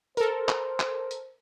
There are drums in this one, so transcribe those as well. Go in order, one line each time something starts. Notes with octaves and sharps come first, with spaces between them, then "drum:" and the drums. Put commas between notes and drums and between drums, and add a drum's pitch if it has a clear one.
A4 A#4 C5, drum: hi-hat
drum: clap
drum: clap
drum: hi-hat